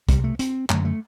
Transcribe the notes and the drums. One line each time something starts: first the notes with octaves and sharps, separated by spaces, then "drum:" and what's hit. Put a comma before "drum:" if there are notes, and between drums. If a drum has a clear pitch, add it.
C2 C3 G3, drum: kick, hi-hat
A3
C4, drum: hi-hat
F#2 D3 A3, drum: clap
A3